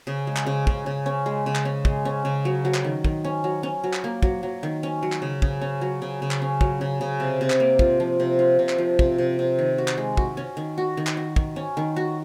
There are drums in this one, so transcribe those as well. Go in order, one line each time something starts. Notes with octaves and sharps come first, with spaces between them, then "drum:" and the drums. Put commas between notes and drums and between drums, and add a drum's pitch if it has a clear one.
C#3
G#3
drum: clap
C#3
C#3, drum: kick
C#3
C#4
G#3
C#3
drum: clap
C#4
G#3, drum: kick
C#4
C#3
F#3
F#3
drum: clap
D#3
D#3, drum: kick
C#4
F#3
C#4
F#3
drum: clap
A#3
F#3, drum: kick
F#3
D#3
C#4
F#3
drum: clap
C#3
C#3, drum: kick
C#4
F#3
C#3
C#3
drum: clap
C#4
F#3, drum: kick
C#3
C#3
C3
C3
drum: clap
A#3
F4, drum: kick
F3
C3
F4
C3
drum: clap
F3
C3, drum: kick
C3
C3
D#3
F#4
drum: clap
G#3
F#4, drum: kick
C#4
D#3
F#4
D#3
drum: clap
F#4
D#3, drum: kick
C#4
D#3
F#4